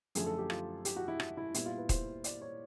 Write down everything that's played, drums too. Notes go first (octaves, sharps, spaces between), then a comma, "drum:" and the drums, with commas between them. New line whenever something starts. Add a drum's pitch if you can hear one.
F#2 D3 F3 A3 G#4, drum: hi-hat
A4
G4
F4, drum: rim click
G4, drum: hi-hat
F#4
E4
E4, drum: rim click
E4
A#2 G3 B3 E4, drum: hi-hat
F4
B4
C5, drum: kick D#1, hi-hat
D5, drum: hi-hat
C#5